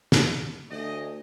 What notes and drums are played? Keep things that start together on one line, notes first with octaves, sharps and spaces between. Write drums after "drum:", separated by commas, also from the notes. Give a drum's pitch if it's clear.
drum: snare
D2 G4 G#4 D#5